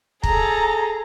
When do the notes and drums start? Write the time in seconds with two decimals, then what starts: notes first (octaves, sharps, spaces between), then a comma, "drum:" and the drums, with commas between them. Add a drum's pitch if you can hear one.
0.24 G#4 A4 A#5, drum: kick